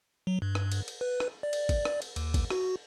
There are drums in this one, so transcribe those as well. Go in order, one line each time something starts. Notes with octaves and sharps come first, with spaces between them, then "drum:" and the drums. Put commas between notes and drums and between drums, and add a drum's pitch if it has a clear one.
F#3
G2
drum: rim click
drum: cymbal
drum: cymbal
B4
drum: rim click
D5
drum: cymbal
drum: kick G#1, cymbal
drum: rim click
drum: cymbal
D#2, drum: cymbal
drum: kick G#1, cymbal
F#4, drum: rim click